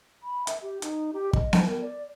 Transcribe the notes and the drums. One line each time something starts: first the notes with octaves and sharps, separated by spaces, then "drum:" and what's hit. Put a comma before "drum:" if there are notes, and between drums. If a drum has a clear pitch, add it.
B5
E5, drum: hi-hat
G4
D#4, drum: hi-hat
G4
D#5, drum: kick
drum: snare B3
A#4
D5